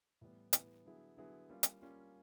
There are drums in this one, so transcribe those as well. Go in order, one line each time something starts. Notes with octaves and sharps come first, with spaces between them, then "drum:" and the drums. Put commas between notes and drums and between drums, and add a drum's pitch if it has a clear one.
A2 E3 G3 B3
A2 E3 G3 B3, drum: hi-hat
D3 F#3 B3 E4 G#4
D3 F#3 B3 E4 G#4
G3 A#3 C#4 F4
drum: hi-hat
G3 A#3 C#4 F4